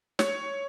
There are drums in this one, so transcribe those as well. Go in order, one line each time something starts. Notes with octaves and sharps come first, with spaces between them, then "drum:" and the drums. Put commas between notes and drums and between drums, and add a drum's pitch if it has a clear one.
C#5, drum: snare